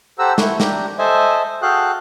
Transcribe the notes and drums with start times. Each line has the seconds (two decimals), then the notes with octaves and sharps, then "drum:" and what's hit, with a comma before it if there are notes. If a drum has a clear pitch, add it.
0.19 G4 A4 C5 F#5 A#5 E6
0.38 A3 E4 C#6, drum: snare
0.60 D4 G4 A#5, drum: snare
0.98 A4 C5 D#5 E5 G#5
1.62 F#4 G#4 A4 F5 G5 F#6